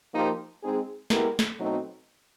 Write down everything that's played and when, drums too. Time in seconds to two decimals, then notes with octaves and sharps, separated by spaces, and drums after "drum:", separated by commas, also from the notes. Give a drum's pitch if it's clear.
0.13 F3 A#3 D#4 G4 C5
0.63 G#3 C4 D#4 G#4
1.10 G#3 B3 E4 G4 A#4, drum: snare
1.39 drum: snare
1.59 B2 F#3 A3 C4 D#4